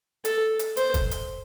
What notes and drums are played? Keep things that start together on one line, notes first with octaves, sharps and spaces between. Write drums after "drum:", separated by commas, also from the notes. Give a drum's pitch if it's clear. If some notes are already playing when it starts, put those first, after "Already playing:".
A4, drum: hi-hat
drum: hi-hat
C5, drum: hi-hat
drum: kick, hi-hat
drum: hi-hat